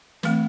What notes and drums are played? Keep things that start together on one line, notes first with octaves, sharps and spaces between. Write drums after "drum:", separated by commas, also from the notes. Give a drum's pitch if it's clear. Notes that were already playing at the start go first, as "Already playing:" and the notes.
E3 A3 C4, drum: snare